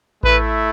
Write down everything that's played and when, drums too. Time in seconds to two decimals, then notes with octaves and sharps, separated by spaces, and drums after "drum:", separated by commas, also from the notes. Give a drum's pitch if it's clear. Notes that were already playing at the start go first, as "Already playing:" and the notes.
0.23 A3 E4 B4, drum: kick A1